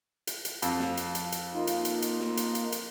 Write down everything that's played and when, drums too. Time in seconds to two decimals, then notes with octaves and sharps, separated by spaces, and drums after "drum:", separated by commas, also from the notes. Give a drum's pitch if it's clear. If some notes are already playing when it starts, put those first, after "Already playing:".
0.27 drum: hi-hat
0.45 drum: hi-hat
0.62 F2 F5, drum: hi-hat
0.80 drum: snare
0.97 drum: hi-hat
1.15 drum: hi-hat
1.32 drum: hi-hat
1.54 A#3 D#4 F4
1.67 drum: hi-hat
1.85 drum: hi-hat
2.02 drum: hi-hat
2.20 drum: snare
2.37 drum: hi-hat
2.55 drum: hi-hat
2.72 drum: hi-hat